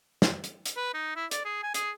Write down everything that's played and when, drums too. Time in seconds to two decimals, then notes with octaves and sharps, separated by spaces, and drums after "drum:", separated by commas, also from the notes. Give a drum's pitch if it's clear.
0.22 drum: snare
0.44 drum: hi-hat
0.66 drum: hi-hat
0.77 B4
0.94 D#4
1.16 E4
1.31 D5, drum: hi-hat
1.45 G#4
1.63 G#5
1.74 G#4, drum: hi-hat